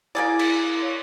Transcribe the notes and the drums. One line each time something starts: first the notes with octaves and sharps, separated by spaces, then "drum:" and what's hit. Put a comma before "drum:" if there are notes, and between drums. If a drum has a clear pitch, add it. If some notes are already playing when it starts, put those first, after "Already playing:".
A#3 E4 G#4 D5
drum: cymbal
C#5 F5 C#6